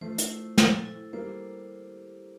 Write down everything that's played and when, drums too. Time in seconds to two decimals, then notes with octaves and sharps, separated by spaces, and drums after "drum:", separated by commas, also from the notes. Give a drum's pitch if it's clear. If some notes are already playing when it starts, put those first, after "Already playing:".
0.01 F3 A3 C5
0.18 drum: hi-hat
0.29 E4
0.58 A4, drum: snare
0.85 E4
1.13 G3 A#3 C5